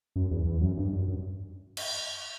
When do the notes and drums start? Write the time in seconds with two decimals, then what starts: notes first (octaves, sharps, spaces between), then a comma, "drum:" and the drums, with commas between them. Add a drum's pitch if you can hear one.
0.16 F#2
0.31 E2
0.46 E2
0.61 F#2
0.77 G2
0.93 F#2
1.08 F#2
1.77 drum: cymbal